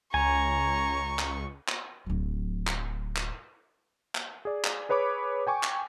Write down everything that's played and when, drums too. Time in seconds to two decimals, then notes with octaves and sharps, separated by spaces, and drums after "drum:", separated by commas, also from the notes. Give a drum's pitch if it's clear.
0.14 C#2 C#4 G#5 A#5 C#6
1.19 drum: clap
1.68 drum: clap
2.06 D1 F#3
2.67 drum: clap
3.16 drum: clap
4.15 drum: clap
4.45 G#4 D5
4.65 drum: clap
4.89 G#4 B4 C#5 B5 D6
5.47 G5 G#5 C#6 D6
5.63 drum: clap